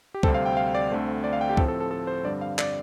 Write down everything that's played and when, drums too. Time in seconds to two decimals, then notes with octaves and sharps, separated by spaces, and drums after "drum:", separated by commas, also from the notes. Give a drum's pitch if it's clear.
0.14 G4
0.23 D2 C3 G3 C4 A4, drum: kick C#2
0.34 F5
0.46 G5
0.57 F5
0.75 D5
0.91 D2 D3 A3 C4
1.24 D5
1.33 F5
1.41 G5
1.50 G4
1.57 A2 F3 C4 A4, drum: kick C#2
1.68 A4
1.80 A4
1.91 A4
2.07 C5
2.24 G2 D3 G3 C4 D5
2.41 F5
2.59 D5, drum: clap